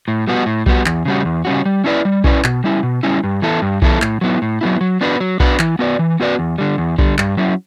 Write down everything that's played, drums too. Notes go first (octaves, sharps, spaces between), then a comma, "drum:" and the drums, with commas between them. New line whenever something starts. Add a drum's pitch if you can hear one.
A2
G3 B3 F#4
A2
G3 B3 F#4, drum: kick B1
E2, drum: clap
C#3 G3 C#4 F#4
E2
C#3 G3 C#4 F#4
G3
C#4 E4 B4 D5
G3
C#4 E4 B4 D5, drum: kick B1
B2, drum: clap
G3 C#4 E4
B2
G3 C#4 E4
G2
E3 B3 E4 A4
G2
E3 B3 E4 A4, drum: kick B1
A2, drum: clap
F#3 B3 E4
A2
F#3 B3 E4
F#3
B3 D4 F#4 B4
F#3
B3 D4 F#4 B4, drum: kick B1
E3, drum: clap
B3 F#4 B4 D5
E3
B3 F#4 B4 D5
E2
D3 G3
E2
D3 G3, drum: kick B1
G2, drum: clap
F#3 C#4 E4